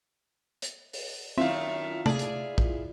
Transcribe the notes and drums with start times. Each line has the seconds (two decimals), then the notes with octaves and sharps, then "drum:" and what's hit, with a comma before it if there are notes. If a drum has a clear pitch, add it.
0.62 drum: hi-hat
0.93 drum: open hi-hat
1.38 F#2 D#3 A3 C4 E4 F4 E5 F5
2.06 A3 G#4 D5, drum: tom C3
2.19 drum: hi-hat
2.58 drum: kick